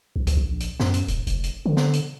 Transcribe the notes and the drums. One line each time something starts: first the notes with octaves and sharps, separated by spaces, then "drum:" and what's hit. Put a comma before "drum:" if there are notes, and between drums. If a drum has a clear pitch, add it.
B1
drum: kick C#2, hi-hat
A#1
drum: hi-hat
F#2, drum: snare
drum: hi-hat
D#1, drum: hi-hat
F1, drum: hi-hat
drum: hi-hat
D3
drum: snare
drum: hi-hat